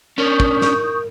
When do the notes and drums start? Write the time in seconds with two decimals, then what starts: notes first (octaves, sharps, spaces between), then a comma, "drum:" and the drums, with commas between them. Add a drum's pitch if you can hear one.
0.18 C#4 D4 A#4 C#6 D#6 G6
0.40 drum: kick
0.62 drum: snare